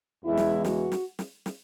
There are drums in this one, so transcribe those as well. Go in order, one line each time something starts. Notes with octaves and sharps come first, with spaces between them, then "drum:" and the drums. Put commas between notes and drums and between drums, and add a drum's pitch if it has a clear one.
E2 C#3 E3 G#3 E4
drum: snare
F#4, drum: snare
drum: snare
drum: snare
drum: snare